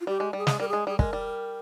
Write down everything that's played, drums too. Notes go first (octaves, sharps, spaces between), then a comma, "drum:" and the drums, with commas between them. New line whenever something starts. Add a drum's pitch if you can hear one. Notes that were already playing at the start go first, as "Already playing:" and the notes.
F4
G3 G4
G#3
G3 G#4
G#3, drum: snare
G3 A#4
G#3 G#4
G3 G#4
G#3 A#4, drum: kick
G3